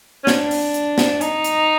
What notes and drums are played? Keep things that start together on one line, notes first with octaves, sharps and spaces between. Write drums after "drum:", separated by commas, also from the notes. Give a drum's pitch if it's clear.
C#4
D4, drum: snare
drum: open hi-hat
drum: hi-hat
drum: snare
D#4, drum: hi-hat
drum: hi-hat